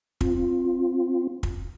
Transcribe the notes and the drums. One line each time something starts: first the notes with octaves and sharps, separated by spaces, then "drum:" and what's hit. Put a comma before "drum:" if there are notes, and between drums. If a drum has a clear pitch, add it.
C4 F4, drum: kick
drum: kick